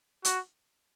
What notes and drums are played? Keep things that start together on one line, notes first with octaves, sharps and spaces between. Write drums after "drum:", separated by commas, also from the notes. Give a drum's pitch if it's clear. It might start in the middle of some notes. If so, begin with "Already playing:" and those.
F#4, drum: hi-hat